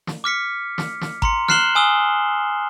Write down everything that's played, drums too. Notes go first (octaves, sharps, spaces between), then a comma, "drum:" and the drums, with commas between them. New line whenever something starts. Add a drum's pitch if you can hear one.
drum: snare
D6 F6 B6 C#7
drum: snare
drum: snare
A#5 C6 C#7, drum: kick G#1
F6 F#6 C7 E7 F#7 G7, drum: snare
G#5 D#6 E6 G7